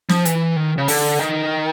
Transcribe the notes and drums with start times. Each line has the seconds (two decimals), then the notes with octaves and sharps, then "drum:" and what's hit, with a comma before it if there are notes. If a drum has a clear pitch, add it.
0.10 F3, drum: snare
0.25 E3, drum: hi-hat
0.56 D#3
0.78 C#3
0.88 D3, drum: open hi-hat
1.19 D#3